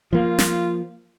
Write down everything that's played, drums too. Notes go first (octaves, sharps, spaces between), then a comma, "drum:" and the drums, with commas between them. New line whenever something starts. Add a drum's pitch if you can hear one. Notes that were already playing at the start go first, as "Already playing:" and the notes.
F3 A#3 F4
drum: snare